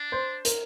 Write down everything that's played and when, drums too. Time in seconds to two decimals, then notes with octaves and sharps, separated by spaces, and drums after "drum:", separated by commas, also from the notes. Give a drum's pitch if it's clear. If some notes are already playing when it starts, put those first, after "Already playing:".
Already playing: D4
0.12 C5
0.45 A#4, drum: hi-hat